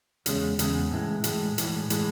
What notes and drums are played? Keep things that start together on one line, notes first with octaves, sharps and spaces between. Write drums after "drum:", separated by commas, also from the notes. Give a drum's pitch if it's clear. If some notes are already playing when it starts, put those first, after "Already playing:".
E2 C#3 G#3, drum: hi-hat
E2 C#3 G#3, drum: hi-hat
A2 E3 G#3
A2 E3 G#3, drum: hi-hat
A2 E3 G#3, drum: hi-hat
A2 E3 G#3, drum: hi-hat